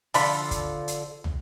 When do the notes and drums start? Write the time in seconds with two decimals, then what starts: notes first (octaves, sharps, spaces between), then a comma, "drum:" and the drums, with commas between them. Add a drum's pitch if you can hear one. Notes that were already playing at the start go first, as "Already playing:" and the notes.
0.14 D3 F3 D4 A4 B5 C6, drum: open hi-hat
0.51 drum: kick, hi-hat
0.88 drum: hi-hat
1.24 drum: tom